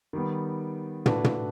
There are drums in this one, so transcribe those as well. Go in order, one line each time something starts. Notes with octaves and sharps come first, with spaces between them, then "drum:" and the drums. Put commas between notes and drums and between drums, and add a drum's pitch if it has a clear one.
D#3 G3 B3
A3 D4 F#4 B4, drum: tom
drum: tom